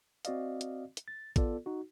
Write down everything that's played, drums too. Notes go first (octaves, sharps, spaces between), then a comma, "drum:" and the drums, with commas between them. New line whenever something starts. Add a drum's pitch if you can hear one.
C4 F#4 D5 D#5 F5, drum: hi-hat
drum: hi-hat
drum: hi-hat
A6
B3 F4 A4 D5, drum: kick, hi-hat
D#4 F#4